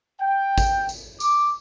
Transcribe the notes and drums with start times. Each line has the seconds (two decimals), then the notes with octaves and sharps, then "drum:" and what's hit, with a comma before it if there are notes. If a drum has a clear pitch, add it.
0.20 G5
0.58 drum: kick G#1, tambourine
0.89 drum: tambourine
1.20 D6, drum: tambourine